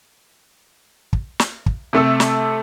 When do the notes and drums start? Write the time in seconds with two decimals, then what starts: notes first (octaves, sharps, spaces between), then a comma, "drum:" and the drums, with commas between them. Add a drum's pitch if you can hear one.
1.13 drum: kick
1.39 drum: snare
1.66 drum: kick
1.93 C3 A3 A4 E6
2.20 drum: snare